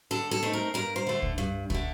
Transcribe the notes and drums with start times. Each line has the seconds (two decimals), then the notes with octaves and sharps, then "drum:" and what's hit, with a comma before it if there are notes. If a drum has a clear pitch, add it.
0.11 D3 A4
0.31 A4
0.43 A3 C4 D#4
0.53 A#4
0.74 G2 A#4
0.96 C5
1.07 D3 A3
1.22 drum: kick C#2
1.38 G2
1.70 D3 A3, drum: kick C#2